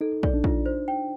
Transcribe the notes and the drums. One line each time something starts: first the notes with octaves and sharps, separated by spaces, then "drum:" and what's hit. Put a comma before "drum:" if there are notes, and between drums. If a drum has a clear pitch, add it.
D#4 A4
D5, drum: kick
D4
F4, drum: kick
C5
G5